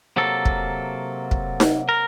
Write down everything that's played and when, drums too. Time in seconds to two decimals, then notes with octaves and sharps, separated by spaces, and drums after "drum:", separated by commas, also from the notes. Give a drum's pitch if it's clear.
0.16 C3 F#3 A#3 A4
0.45 drum: kick
1.31 drum: kick
1.60 drum: snare D#4
1.89 A#4